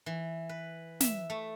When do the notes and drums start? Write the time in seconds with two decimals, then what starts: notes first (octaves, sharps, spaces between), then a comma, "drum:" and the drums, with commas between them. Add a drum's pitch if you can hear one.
0.06 E3
0.49 B4
1.00 E5, drum: snare
1.30 A3